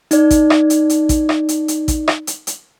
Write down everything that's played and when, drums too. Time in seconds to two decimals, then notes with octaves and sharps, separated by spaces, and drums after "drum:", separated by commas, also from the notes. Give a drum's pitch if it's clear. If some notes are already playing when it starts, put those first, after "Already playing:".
0.11 D#4 D5, drum: hi-hat
0.31 drum: kick A1, hi-hat
0.50 drum: rim click
0.70 drum: hi-hat
0.90 drum: hi-hat
1.09 drum: kick A1, hi-hat
1.29 drum: rim click
1.49 drum: hi-hat
1.68 drum: hi-hat
1.88 drum: kick A1, hi-hat
2.08 drum: rim click
2.27 drum: hi-hat
2.47 drum: hi-hat